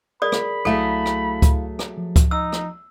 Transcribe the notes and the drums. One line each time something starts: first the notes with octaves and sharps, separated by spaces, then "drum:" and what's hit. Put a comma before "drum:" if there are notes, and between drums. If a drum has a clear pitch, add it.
G#4 A#4 D5 B5 D#6
drum: rim click
C2 F#3 A3 E4 G#4 A4 F5
drum: rim click
drum: kick C#2, hi-hat
drum: rim click
F3
drum: kick C#2, hi-hat
D#4 E6
drum: rim click